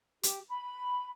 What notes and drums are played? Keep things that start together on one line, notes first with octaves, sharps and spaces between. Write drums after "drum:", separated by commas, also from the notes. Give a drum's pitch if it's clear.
G4, drum: hi-hat
B5